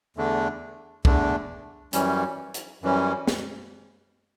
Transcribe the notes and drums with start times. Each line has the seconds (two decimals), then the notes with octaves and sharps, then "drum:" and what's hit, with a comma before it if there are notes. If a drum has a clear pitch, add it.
0.16 E2 D3 A3 D4
1.05 E2 D3 A3 D4, drum: kick
1.93 F#2 E3 G3 C#4, drum: hi-hat
2.54 drum: hi-hat
2.82 F#2 E3 G3 C#4
3.27 drum: snare